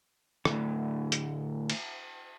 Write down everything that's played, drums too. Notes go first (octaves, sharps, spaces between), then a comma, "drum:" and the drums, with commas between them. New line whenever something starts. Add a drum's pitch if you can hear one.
D2 A2 C3, drum: rim click
drum: hi-hat
drum: cymbal